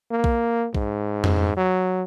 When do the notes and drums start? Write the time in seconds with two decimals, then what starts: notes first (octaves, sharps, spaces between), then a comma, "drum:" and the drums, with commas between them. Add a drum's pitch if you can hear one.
0.11 A#3
0.24 drum: kick B1
0.75 G#2, drum: kick B1
1.24 drum: tom F2
1.57 F#3